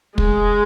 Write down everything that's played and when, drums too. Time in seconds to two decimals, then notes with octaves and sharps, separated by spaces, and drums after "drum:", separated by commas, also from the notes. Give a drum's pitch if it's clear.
0.18 G#3, drum: kick